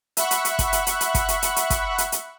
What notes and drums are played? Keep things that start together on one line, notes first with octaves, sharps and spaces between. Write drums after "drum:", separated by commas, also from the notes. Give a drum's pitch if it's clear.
E5 F#5 B5 C#6 F#6, drum: hi-hat
drum: hi-hat
drum: hi-hat
drum: kick, hi-hat
drum: hi-hat
drum: hi-hat
drum: hi-hat
drum: kick, hi-hat
drum: hi-hat
drum: hi-hat
drum: hi-hat
drum: kick, hi-hat
drum: hi-hat
drum: hi-hat